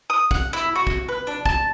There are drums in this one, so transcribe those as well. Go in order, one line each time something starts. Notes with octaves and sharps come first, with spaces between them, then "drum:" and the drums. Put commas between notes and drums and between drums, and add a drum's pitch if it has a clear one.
D#6
F#5, drum: kick
E4
F#4
drum: kick
B4
D4
A5, drum: kick